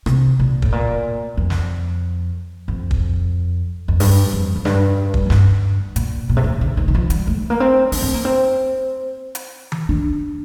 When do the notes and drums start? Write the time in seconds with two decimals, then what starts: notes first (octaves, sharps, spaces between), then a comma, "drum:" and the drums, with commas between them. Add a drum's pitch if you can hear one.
0.06 C3, drum: rim click
0.39 A#2
0.62 A2, drum: kick
0.72 A#2
1.37 F2
1.50 drum: snare
2.68 F2
2.91 drum: kick
3.88 F2
4.00 G2, drum: open hi-hat
4.32 F2
4.56 F2
4.65 G2, drum: snare
5.14 drum: kick
5.26 F2
5.30 G2, drum: snare
5.96 A#2, drum: hi-hat
6.29 A#2
6.37 C3
6.44 A#2
6.61 D3
6.77 D#3
6.88 D#3
6.94 F3
7.10 G3, drum: hi-hat
7.27 A3
7.50 A#3
7.60 C4
7.92 D4, drum: open hi-hat
8.03 C4
8.14 A#3
8.25 C4
9.35 drum: hi-hat
9.72 drum: tom D#3
9.89 D4